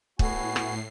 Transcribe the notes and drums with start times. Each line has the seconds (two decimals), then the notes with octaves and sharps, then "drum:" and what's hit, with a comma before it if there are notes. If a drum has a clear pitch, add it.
0.19 A2 B3 F#4 G#5 C7, drum: kick
0.56 drum: rim click